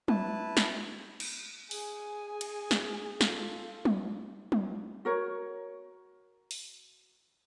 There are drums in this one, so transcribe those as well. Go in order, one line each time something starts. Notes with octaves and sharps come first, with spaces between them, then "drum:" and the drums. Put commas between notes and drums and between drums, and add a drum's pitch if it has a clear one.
E4 B4 A5, drum: tom
drum: snare
drum: cymbal
G#4 G#5, drum: open hi-hat
drum: cymbal
drum: snare
F4 A4, drum: snare
drum: tom
drum: tom
F#4 A#4 C#5
drum: open hi-hat